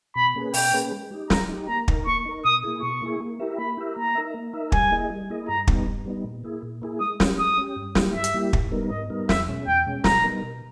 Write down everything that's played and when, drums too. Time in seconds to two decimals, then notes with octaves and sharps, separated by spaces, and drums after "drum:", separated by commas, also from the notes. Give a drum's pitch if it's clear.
0.16 B2 B5
0.36 A#3 C#4 G#4 B4
0.54 B2 G5, drum: open hi-hat
0.73 A#3 C#4 G#4 B4
0.92 G#3
1.11 D#4 G4
1.30 G#3 A#5, drum: snare
1.49 D#4 G4
1.68 A#3 A#5
1.88 D#4 A#4, drum: kick
2.06 A#3 C#6
2.25 D#4 A#4
2.44 B2 D#6
2.63 A#3 E4 G#4
2.82 B2 C#6
3.02 A#3 E4 G#4
3.20 A#3
3.40 E4 G4 A#4 E5
3.58 A#3 B5
3.77 E4 G4 A#4 E5
3.97 A#3 A#5
4.15 D#4 A#4 E5
4.34 A#3
4.53 D#4 A#4 E5
4.72 G3 G#5, drum: kick
4.91 A#3 E4 G#4 D#5
5.10 G3
5.30 A#3 E4 G#4 D#5
5.48 G2 A#5
5.67 G3 B3 D#4, drum: kick
5.86 G2
6.06 G3 B3 D#4
6.24 A#2
6.44 A#3 E4 G#4
6.63 A#2
6.82 A#3 E4 G#4
7.00 G#3 D#6
7.20 C#4 G4, drum: snare
7.38 G#3 D#6
7.58 C#4 G4
7.76 G2
7.95 G3 A#3 E4 G4, drum: snare
8.14 G2 E5
8.24 drum: hi-hat
8.34 G3 A#3 E4 G4
8.53 G#2, drum: kick
8.71 G3 B3 D#4 A#4
8.90 G#2 D#5
9.10 G3 B3 D#4 A#4
9.29 E2 E5, drum: snare
9.48 B2 G#3 C#4
9.67 E2 G5
9.86 B2 G#3 C#4
10.04 B2 A#5, drum: snare
10.24 G3 B3 D#4 A#4
10.43 B2